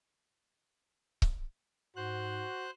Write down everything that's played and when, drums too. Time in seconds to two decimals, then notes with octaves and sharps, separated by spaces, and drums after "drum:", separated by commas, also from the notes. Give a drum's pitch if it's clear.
1.22 drum: kick C#1
1.96 G#2 F#4 C5 F#6